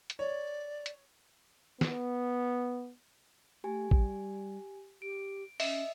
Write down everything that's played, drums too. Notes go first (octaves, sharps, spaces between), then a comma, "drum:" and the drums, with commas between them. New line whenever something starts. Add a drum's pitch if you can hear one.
drum: hi-hat
C#5 D5
drum: hi-hat
B3, drum: snare
A3 G4 G#5
G3, drum: kick
G4 D7
C#4 D#5 E5, drum: open hi-hat